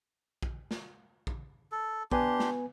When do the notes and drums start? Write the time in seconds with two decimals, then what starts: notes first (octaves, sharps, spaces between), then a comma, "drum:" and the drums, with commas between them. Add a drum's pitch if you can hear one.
0.42 drum: kick A#1
0.71 drum: snare
1.27 drum: kick A#1
1.72 A4
2.11 B3 D4 G4 B4 G#5 C6, drum: kick A#1
2.40 drum: snare